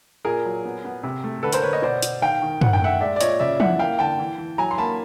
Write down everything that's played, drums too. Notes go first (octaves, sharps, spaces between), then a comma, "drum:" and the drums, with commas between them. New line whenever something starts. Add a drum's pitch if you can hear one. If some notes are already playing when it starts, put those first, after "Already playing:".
A#2 G#4 A#4
F#3
B3
B3
C3
A3
D3 A4 B4
A#4 C5, drum: hi-hat
D3 B4 C#5
C#5 D#5
B2 C5 D5
B2, drum: hi-hat
D#3 F5 G5
D#3
D#3 F#5, drum: tom
G5
A3 E5 F#5
G#3 D5 E5
D5
A#2 C#5 D#5, drum: hi-hat
C#3 D5 E5
E3 E5 F#5, drum: tom
A#3 F5 G5
D3 G5 A5
E3
E3
F#3 G#5 A#5
C6
A#3 A5 B5